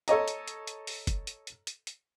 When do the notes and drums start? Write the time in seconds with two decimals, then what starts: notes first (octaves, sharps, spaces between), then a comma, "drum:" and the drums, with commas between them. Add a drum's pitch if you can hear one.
0.08 A4 C#5 D#5 A#5, drum: hi-hat
0.28 drum: hi-hat
0.48 drum: hi-hat
0.67 drum: hi-hat
0.87 drum: open hi-hat
1.07 drum: kick F#1, hi-hat
1.27 drum: hi-hat
1.47 drum: hi-hat
1.67 drum: hi-hat
1.87 drum: hi-hat